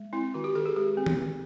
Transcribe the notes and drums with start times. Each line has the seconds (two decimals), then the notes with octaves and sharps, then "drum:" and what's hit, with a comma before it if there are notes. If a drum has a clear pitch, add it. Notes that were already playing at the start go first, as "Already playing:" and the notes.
Already playing: G#3
0.13 C4 E4
0.34 D#3 F#4
0.44 G4
0.55 D#3 A4
0.66 G#4
0.76 G#3 G4
0.97 C4
1.06 drum: tom D#3
1.18 D#3